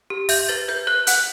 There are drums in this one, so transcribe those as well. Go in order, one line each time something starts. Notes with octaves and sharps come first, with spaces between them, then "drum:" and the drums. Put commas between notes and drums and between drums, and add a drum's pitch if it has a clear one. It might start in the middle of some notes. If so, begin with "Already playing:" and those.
G4
E5 G6, drum: open hi-hat
B4 A6
B4 G6
B4 F#6
F#5 F#6, drum: hi-hat